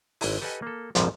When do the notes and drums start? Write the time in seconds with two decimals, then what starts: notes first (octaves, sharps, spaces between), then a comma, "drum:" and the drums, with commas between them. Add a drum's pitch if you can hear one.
0.21 G#1 E4, drum: open hi-hat
0.41 G4 A4 B4 D#5 F#5 G#5
0.62 A#3 A4
0.95 A#1 F2 G#2 C3 F3 G3, drum: hi-hat